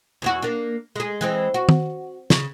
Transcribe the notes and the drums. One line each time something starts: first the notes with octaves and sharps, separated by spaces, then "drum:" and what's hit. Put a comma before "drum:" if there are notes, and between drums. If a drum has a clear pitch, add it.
E2 E3 F#4
A#3 D4
G#3 G#4
E3 G#3 C4
F#4
drum: tom
C#3, drum: snare